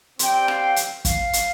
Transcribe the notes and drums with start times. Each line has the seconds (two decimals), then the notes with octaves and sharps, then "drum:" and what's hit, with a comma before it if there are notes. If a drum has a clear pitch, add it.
0.19 C4 G4 D5 G5 C6, drum: hi-hat
0.48 F5, drum: rim click
0.76 drum: hi-hat
1.05 F5, drum: kick, hi-hat
1.33 drum: hi-hat